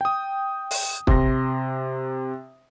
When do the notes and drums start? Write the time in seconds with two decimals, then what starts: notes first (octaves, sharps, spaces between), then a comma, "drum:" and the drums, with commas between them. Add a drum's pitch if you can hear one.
0.01 G5 D#6
0.71 drum: open hi-hat
1.07 C3 C6 A#6, drum: kick